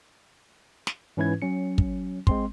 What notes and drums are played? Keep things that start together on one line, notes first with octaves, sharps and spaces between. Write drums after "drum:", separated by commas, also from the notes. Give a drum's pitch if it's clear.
drum: snare
G#2 E3 C#4 E4 B4 G#6
F#3 C#4 C#7
drum: kick
G#3 C4 C6, drum: kick